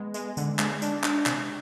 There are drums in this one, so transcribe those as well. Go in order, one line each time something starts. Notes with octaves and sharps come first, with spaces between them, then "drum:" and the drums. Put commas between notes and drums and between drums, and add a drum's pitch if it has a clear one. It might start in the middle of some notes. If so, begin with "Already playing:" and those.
Already playing: G#3 B3
G#3, drum: tambourine
D3, drum: tambourine
G#3, drum: clap
D4, drum: tambourine
D4, drum: clap
C3, drum: clap